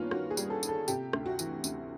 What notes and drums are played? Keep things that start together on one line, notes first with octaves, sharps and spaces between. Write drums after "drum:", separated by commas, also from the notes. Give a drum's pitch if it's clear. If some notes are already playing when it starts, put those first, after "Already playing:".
Already playing: G2 D#3 A#3 B3 C#4 F4
D#3 F#4, drum: rim click
G#4
G3, drum: tambourine
A4
D#3, drum: tambourine
A4
C3 G4, drum: tambourine
D2, drum: rim click
F#4
E3, drum: tambourine
D2, drum: tambourine